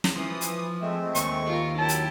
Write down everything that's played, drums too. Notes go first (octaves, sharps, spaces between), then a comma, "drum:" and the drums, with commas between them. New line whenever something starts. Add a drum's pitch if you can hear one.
drum: snare
E3 F3 D#6
drum: hi-hat
G#3 A3 C4 E5
D#2 C#6, drum: hi-hat
F4 A#4
F#3 E4 G4 A5
drum: hi-hat